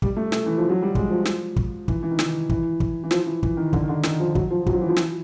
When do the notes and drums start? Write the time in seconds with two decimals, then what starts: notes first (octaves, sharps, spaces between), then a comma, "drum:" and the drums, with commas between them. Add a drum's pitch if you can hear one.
0.02 G3, drum: kick
0.17 A3
0.32 A3, drum: snare
0.46 E3
0.58 F3
0.70 F#3
0.82 G3
0.95 G#3, drum: kick
1.10 F3
1.25 drum: snare
1.56 drum: kick
1.88 E3, drum: kick
2.03 E3
2.11 D#3
2.19 E3, drum: snare
2.50 E3, drum: kick
2.80 drum: kick
3.04 E3
3.11 F3, drum: snare
3.26 E3
3.43 E3, drum: kick
3.57 D#3
3.73 D3, drum: kick
3.82 D#3
3.89 D3
4.03 D#3, drum: snare
4.20 F3
4.35 F#3, drum: kick
4.51 F3
4.66 F#3, drum: kick
4.73 F3
4.82 E3
4.89 F3
4.97 E3, drum: snare